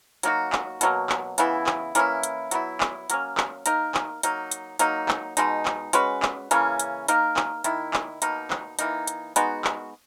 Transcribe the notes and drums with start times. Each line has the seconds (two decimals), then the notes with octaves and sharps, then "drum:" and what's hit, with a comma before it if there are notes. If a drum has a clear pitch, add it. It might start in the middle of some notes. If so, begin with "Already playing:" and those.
0.23 F#3 A#3 D#4 F#4, drum: hi-hat
0.52 drum: clap
0.81 B2 F#3 A#3, drum: hi-hat
1.09 drum: clap
1.38 C#3 E3 B3 E4, drum: hi-hat
1.66 drum: clap
1.95 E3 A#3 C#4 E4, drum: hi-hat
2.23 drum: hi-hat
2.51 F#3 B3 E4, drum: hi-hat
2.80 drum: clap
3.10 F#3 A#3 C#4, drum: hi-hat
3.37 drum: clap
3.66 A#3 D#4 A#4, drum: hi-hat
3.94 drum: clap
4.23 F#3 A#3 D#4, drum: hi-hat
4.51 drum: hi-hat
4.79 F#3 A#3 D#4, drum: hi-hat
5.08 drum: clap
5.37 B2 G#3 D#4, drum: hi-hat
5.65 drum: clap
5.93 G#3 C#4 F#4 B4, drum: hi-hat
6.22 drum: clap
6.51 C#3 E3 A#3 C#4, drum: hi-hat
6.79 drum: hi-hat
7.08 A#3 D#4 A#4, drum: hi-hat
7.36 drum: clap
7.64 D#3 A#3 E4, drum: hi-hat
7.93 drum: clap
8.22 B2 A#3 D#4, drum: hi-hat
8.50 drum: clap
8.79 E3 A#3 D#4, drum: hi-hat
9.07 drum: hi-hat
9.36 G#3 B3 D#4 F#4, drum: hi-hat
9.64 drum: clap